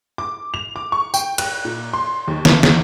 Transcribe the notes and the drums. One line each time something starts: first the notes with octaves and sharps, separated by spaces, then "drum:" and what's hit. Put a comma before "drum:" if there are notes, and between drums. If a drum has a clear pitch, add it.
D6
F7
D6
C#6
G5, drum: tambourine
F#6, drum: cymbal
A#2
C6
D#2
E3, drum: snare
E2, drum: snare